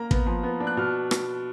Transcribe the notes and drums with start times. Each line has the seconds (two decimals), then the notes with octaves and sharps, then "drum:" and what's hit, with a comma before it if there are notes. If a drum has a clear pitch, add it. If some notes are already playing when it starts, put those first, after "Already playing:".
Already playing: A#3 A#5
0.11 B3, drum: kick
0.26 F3
0.43 B3
0.60 D4
0.67 F#6
0.77 B2 F6
1.11 drum: rim click